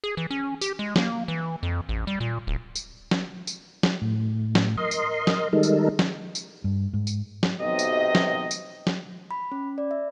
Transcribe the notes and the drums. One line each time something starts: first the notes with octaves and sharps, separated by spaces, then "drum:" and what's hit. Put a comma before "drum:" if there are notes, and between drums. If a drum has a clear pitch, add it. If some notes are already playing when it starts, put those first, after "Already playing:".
G#4
E3
C#4
G4, drum: tambourine
G#3
A#3, drum: snare
E3
F2
A1
G3
A#2
D1
drum: tambourine
drum: snare
drum: tambourine
drum: snare
A2
drum: snare
A#4 D#5 C6
drum: tambourine
drum: snare
D#3 G3 G#3 D#4 A4 A#4
drum: tambourine
drum: snare
drum: tambourine
G2
G#2
drum: tambourine
drum: snare
B1 C3 D#5
drum: tambourine
drum: snare
drum: tambourine
drum: snare
B5
C#4
D5
E5